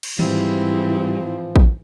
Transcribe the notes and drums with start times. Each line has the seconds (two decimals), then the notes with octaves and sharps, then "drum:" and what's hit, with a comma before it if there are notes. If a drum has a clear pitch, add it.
0.03 drum: cymbal
0.19 G#2 E3 F3 G3 C4 E4, drum: tom D#3
1.56 drum: kick